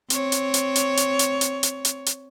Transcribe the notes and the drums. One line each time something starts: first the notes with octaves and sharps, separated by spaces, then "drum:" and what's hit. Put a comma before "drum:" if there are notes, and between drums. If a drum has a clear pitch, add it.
C4 C#5, drum: hi-hat
drum: hi-hat
drum: hi-hat
drum: hi-hat
drum: hi-hat
drum: hi-hat
drum: hi-hat
drum: hi-hat
drum: hi-hat
drum: hi-hat